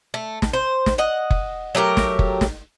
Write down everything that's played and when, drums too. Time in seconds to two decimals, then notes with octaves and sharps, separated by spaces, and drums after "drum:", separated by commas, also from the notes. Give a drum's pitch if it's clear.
0.14 A3
0.42 drum: snare
0.53 C5
0.86 drum: snare
0.98 D#5 F#5
1.30 drum: kick F#1
1.75 F#3 A3 G4 A#4
1.97 drum: snare
2.19 drum: kick F#1
2.41 drum: snare